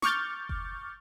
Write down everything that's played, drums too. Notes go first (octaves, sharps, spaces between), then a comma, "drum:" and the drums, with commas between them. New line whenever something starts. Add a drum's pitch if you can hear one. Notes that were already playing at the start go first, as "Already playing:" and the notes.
C#6 D6 F6 G6 A6, drum: snare
drum: kick F#1